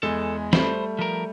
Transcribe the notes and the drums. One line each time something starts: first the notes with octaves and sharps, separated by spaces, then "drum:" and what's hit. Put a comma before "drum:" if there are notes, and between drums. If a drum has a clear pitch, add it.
E2 G#3 A4 G7
G3 A3 C5 B5, drum: snare
F3 A#4